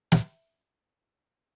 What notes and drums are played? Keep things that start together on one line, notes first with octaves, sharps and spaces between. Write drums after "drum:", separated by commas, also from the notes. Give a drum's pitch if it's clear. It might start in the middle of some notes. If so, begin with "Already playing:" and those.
E5, drum: snare